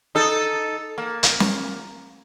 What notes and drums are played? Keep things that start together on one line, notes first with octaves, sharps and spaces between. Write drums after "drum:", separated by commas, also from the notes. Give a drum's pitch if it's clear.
D#4 A4
A#3
drum: hi-hat
drum: snare